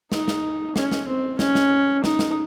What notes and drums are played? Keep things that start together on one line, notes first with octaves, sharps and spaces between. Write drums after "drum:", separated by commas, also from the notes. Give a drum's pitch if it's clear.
D#4, drum: snare
drum: snare
C#4, drum: snare
drum: snare
C4
C#4, drum: snare
drum: snare
D#4, drum: snare
drum: snare